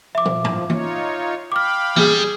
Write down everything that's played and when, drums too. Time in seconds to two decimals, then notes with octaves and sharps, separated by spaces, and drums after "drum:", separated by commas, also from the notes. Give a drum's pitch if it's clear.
0.15 F3 E5 D6
0.25 drum: tom
0.44 drum: tom G#2
0.70 D#4 F4 C#5, drum: tom E3
1.52 F5 G5 B5 D6 F6
1.96 G3 G#4, drum: tom E3